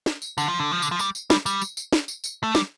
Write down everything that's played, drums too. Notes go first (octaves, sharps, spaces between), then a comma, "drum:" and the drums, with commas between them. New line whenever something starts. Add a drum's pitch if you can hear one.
drum: snare
drum: tambourine
D3, drum: tambourine
F3
D3
F3
D3, drum: tambourine
F3
G3, drum: tambourine
drum: tambourine
G3, drum: snare
G3, drum: tambourine
drum: tambourine
drum: tambourine
drum: snare
drum: tambourine
drum: tambourine
A3
G3, drum: snare